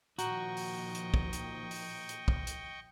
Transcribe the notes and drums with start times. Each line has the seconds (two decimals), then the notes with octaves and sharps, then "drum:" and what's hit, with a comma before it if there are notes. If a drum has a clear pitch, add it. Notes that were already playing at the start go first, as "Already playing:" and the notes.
0.18 A#2 D#3 F3 F#4 D#5 G5 A#5 C#6, drum: hi-hat
0.57 drum: open hi-hat
0.95 drum: hi-hat
1.14 drum: kick
1.33 drum: hi-hat
1.71 drum: open hi-hat
2.09 drum: hi-hat
2.28 drum: kick
2.47 drum: hi-hat